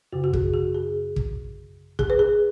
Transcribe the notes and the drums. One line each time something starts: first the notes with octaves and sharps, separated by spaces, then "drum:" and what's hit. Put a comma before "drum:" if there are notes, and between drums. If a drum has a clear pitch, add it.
F#2 C#3 F#4
F#4
G#4, drum: kick
F#4
G#4
drum: kick
G#4, drum: kick
B4
G#4